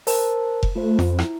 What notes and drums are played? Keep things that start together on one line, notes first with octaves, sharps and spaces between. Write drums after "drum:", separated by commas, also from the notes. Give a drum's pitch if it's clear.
A#4 C5 A5, drum: open hi-hat
drum: kick F1
A3 F4 C5
F2, drum: snare
E4, drum: rim click